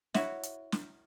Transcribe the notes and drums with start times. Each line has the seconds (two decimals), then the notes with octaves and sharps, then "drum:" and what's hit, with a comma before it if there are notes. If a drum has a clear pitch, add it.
0.14 E4 F#4 C#5 E5, drum: snare
0.43 drum: hi-hat
0.72 drum: snare